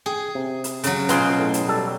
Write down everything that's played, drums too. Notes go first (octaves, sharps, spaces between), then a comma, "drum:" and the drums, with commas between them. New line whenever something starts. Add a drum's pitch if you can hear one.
G#4 G5
C3
drum: hi-hat
C#3 F#3, drum: hi-hat
B2 B3 F4 G#4 C6, drum: hi-hat
A2
drum: hi-hat
G3 A4